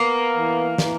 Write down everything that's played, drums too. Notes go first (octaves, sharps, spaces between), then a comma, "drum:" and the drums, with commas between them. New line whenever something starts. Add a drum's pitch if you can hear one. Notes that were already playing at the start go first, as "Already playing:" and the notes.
Already playing: A#3 B3
E3
E3, drum: snare